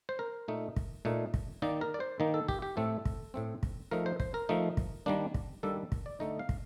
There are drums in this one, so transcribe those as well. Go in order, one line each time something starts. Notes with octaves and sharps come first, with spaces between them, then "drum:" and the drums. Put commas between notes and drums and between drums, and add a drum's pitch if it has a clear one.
C5
A#4
A#2 A3 D#4
drum: kick
A#2 A3 D#4
drum: kick
D#3 A#3 D#4 D5
A#4
D5
C5
D#3 A#3 D#4
A4
G4, drum: kick
G4
A2 A3 C4 A4
drum: kick
A2 A3 C4
drum: kick
F3 A3 D#4 A#4
C5
C5, drum: kick
A#4
F3 A3 D#4
drum: kick
D#3 G3 A#3 D4
drum: kick
D#3 G3 A#3 D4 A4
drum: kick
D5
D3 A3 D#4 D#5
F5
drum: kick